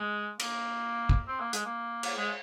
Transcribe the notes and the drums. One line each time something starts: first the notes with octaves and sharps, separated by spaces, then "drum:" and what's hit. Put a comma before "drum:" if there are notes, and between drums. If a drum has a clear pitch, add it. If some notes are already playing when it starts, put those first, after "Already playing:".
Already playing: G#3
A#3, drum: cymbal
drum: kick
C4
A#3
G#3, drum: hi-hat
A#3
drum: cymbal
G#3